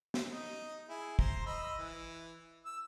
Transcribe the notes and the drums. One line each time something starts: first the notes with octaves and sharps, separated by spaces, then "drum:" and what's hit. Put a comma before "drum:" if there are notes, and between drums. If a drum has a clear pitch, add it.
drum: snare
D#4
E4 G#4
C5 A#5 C6, drum: kick
D#5 B5 E6
E3
E6